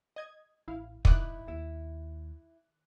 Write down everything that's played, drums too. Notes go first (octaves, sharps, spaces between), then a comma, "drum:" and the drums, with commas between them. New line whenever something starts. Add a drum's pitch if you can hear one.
D#5 G#6
A1 E4 F5
G#1 D#3 D#4 E4 D6 F#6, drum: kick
D#2 E4